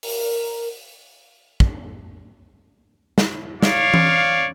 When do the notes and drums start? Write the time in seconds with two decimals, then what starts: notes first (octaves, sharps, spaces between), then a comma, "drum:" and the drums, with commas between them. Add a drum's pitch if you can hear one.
0.03 A#4, drum: open hi-hat
1.60 drum: kick
3.18 drum: snare
3.63 C#5 D5 F5, drum: snare
3.94 drum: tom E3